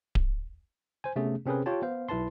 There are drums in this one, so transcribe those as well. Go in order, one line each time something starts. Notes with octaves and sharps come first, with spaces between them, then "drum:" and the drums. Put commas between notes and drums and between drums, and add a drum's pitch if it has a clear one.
drum: kick D1
C5 G#5
C3 A3 B3 C#4 G#4
C3 C4 C#4 G#4 A#4 B4
F4 G4 C#5 G5 A5
B3 C5 F5
B1 E4 B4 A5 C6